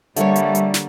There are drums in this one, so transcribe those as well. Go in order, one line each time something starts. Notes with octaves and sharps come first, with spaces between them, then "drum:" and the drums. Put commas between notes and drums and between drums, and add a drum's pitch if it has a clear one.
D3 G3 A3 A#3 C#5, drum: hi-hat
drum: hi-hat
drum: hi-hat
drum: snare